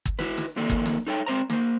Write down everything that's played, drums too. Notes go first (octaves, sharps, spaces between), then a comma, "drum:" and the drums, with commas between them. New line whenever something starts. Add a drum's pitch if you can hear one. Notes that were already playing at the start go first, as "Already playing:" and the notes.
drum: kick G1
E4 F#4 B4, drum: snare
drum: snare
F2 D3 D#3 A#3 A4 D5
drum: kick G1
drum: snare
D#4 A4 C#5 G5
G#3 C4 C5 A#5
A#3 C5, drum: snare